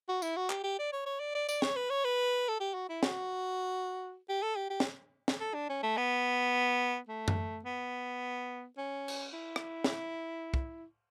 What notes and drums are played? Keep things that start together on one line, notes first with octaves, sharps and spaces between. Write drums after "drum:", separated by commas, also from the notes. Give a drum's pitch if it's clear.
F#4
E4, drum: tambourine
F#4
G4, drum: clap
G4
D5
C#5
C#5
D5
D5
D5, drum: tambourine
C#5, drum: snare
B4
C#5
B4
A4
G4
F#4
E4
F#4, drum: snare
G4
A4
G4
G4
drum: snare
drum: snare
A4
D4
C#4
A3
B3
A3
drum: tom F#2
B3
C#4
drum: cymbal
E4
drum: rim click
drum: snare
drum: kick